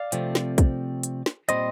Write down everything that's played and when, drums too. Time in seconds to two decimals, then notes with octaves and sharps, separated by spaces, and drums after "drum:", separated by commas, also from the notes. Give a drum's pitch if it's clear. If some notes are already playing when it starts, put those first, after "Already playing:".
Already playing: D5 F5
0.12 C3 F3 A3 C4, drum: hi-hat
0.35 drum: snare
0.58 drum: kick, hi-hat
1.03 drum: hi-hat
1.26 drum: snare
1.49 A#2 G3 C4 C5 D#5, drum: hi-hat